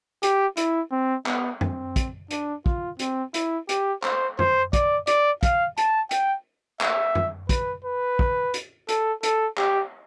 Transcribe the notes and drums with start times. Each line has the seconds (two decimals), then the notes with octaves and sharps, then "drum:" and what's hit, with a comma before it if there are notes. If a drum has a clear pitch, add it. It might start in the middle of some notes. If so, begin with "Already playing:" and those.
0.23 G4, drum: hi-hat
0.57 E4, drum: hi-hat
0.92 C4
1.26 B3, drum: clap
1.61 C4, drum: tom F#2
1.96 drum: kick, hi-hat
2.31 D4, drum: hi-hat
2.66 F4, drum: kick
2.99 C4, drum: hi-hat
3.34 E4, drum: hi-hat
3.69 G4, drum: hi-hat
4.03 C5, drum: clap
4.39 C5, drum: tom F#2
4.73 D5, drum: kick, hi-hat
5.07 D5, drum: hi-hat
5.43 F5, drum: kick, hi-hat
5.77 A5, drum: hi-hat
6.11 G5, drum: hi-hat
6.81 E5, drum: clap
7.15 drum: tom F#2
7.49 B4, drum: kick, hi-hat
7.84 B4
8.19 drum: kick
8.54 drum: hi-hat
8.89 A4, drum: hi-hat
9.23 A4, drum: hi-hat
9.57 G4, drum: clap